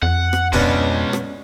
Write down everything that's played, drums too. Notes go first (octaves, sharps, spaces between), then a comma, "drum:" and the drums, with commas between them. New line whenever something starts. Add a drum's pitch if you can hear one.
F2 F#5
drum: rim click
B2 G#3 C#4 D4, drum: kick
drum: rim click